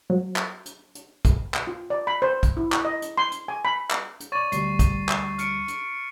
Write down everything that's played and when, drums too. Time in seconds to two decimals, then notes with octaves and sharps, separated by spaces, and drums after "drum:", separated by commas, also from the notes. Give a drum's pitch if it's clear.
0.10 F#3
0.36 drum: clap
0.66 drum: hi-hat
0.95 drum: hi-hat
1.25 drum: kick, hi-hat
1.54 drum: clap
1.67 F4
1.90 D5
2.07 B5
2.22 C5
2.43 drum: kick, hi-hat
2.57 E4
2.72 drum: clap
2.85 D#5
3.02 drum: hi-hat
3.18 C6
3.32 drum: hi-hat
3.48 G#5
3.65 B5
3.91 drum: clap
4.20 drum: hi-hat
4.32 C#5 D5 C#6 A6 D#7
4.52 D2 G3 C7, drum: hi-hat
4.79 drum: kick, hi-hat
5.09 drum: clap
5.38 F6 C#7 D7, drum: hi-hat
5.68 drum: hi-hat